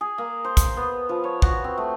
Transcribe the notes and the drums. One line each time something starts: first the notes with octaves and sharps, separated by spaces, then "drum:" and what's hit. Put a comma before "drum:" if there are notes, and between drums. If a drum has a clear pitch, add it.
G#4
A#3
C5
drum: kick, hi-hat
B3
F3
C#5
F#4, drum: kick
C4
A3